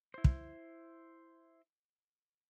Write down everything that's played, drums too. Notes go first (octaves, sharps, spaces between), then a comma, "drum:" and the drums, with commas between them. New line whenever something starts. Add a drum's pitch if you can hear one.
E4 C5
drum: kick